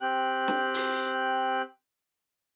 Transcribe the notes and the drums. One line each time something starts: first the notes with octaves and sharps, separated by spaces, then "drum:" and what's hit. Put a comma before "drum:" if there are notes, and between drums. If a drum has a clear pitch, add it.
C4 G4 G5 F#6
drum: snare
drum: open hi-hat